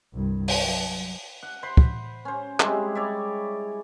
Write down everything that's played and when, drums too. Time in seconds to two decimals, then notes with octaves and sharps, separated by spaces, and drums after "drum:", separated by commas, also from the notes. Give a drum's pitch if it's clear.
0.13 C2 G2
0.48 drum: open hi-hat
0.60 F#3
1.43 F#5
1.63 C5 B5 C6
1.77 drum: kick
2.25 C#4 C5
2.60 G3 G#3 C4 E4, drum: clap
2.95 C#5 D5 E5